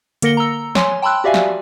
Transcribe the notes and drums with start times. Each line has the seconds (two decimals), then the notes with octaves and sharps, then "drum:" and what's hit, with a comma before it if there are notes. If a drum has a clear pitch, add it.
0.22 D3 A#3 A#4 A#6 C#7 G7, drum: hi-hat
0.37 A#5 E6
0.75 C#5 G#5 C6, drum: snare
1.02 G5 A5 B5 C6 E6 F#6
1.24 F#4 G4 D5 E5 F5 G#5
1.34 drum: snare